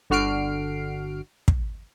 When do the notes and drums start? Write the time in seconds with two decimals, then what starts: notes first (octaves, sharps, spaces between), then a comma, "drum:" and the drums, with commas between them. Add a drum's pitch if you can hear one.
0.10 G1 D3 F#4 F6 C7 D7
1.48 drum: kick